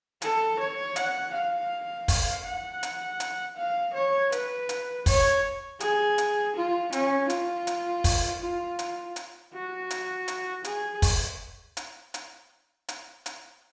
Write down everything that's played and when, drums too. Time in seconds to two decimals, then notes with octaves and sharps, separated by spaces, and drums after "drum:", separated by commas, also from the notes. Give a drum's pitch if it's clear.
0.22 A4, drum: hi-hat
0.60 C#5
0.96 F#5, drum: hi-hat
1.34 F5
2.08 drum: kick, open hi-hat
2.46 F#5
2.83 drum: hi-hat
3.20 drum: hi-hat
3.57 F5
3.94 C#5
4.32 B4, drum: hi-hat
4.69 drum: hi-hat
5.06 C#5, drum: kick, open hi-hat
5.80 G#4, drum: hi-hat
6.18 drum: hi-hat
6.56 F4
6.92 C#4, drum: hi-hat
7.30 F4, drum: hi-hat
7.67 drum: hi-hat
8.04 drum: kick, open hi-hat
8.41 F4
8.79 drum: hi-hat
9.16 drum: hi-hat
9.53 F#4
9.91 drum: hi-hat
10.28 drum: hi-hat
10.64 G#4, drum: hi-hat
11.02 drum: kick, open hi-hat
11.77 drum: hi-hat
12.14 drum: hi-hat
12.89 drum: hi-hat
13.26 drum: hi-hat